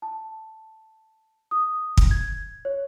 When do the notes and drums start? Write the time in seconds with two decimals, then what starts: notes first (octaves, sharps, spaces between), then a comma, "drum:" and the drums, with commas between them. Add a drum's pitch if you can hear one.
0.02 A5
1.51 D#6
1.97 drum: kick
2.11 G#6
2.65 C#5